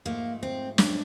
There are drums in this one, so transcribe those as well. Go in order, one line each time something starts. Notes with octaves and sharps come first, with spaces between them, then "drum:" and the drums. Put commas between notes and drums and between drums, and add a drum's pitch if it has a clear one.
G#2 F3 A3 A#3
C4
D4, drum: snare